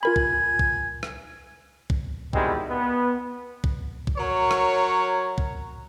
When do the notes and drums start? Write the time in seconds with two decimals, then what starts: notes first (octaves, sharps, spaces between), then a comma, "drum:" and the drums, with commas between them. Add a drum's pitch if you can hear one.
0.03 F4 A#4 G#5 B5
0.16 drum: kick
0.59 drum: kick
1.03 drum: rim click
1.90 drum: kick
2.33 B2 D#3 E3 G3 G#3 C4, drum: kick
2.69 B3
3.64 drum: kick
4.07 drum: kick
4.17 F#3 A#4 C#5
4.51 drum: rim click
5.38 drum: kick